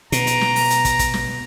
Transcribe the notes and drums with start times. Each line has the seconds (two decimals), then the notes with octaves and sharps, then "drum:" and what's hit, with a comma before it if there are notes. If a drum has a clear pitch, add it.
0.12 B2 A#5, drum: hi-hat
0.27 drum: hi-hat
0.41 drum: snare
0.56 drum: open hi-hat
0.70 drum: hi-hat
0.85 drum: kick, hi-hat
0.99 drum: kick, hi-hat
1.14 drum: snare